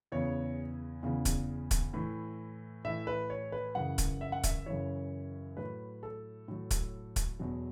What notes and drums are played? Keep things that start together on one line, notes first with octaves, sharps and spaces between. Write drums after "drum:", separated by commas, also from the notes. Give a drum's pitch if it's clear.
E2 C#3 E3 C#5
E2 C#3 E3
drum: kick, hi-hat
drum: kick, hi-hat
A2 E3
A2 E3 E5
B4
C#5
B4
F#2 C#3 E3 F#5
drum: kick, hi-hat
E5
F#5
E5, drum: kick, hi-hat
F#2 C#3 E3 C#5
A2 F#3 B4
A4
A2 F#3
drum: kick, hi-hat
drum: kick, hi-hat
E2 B2 F#3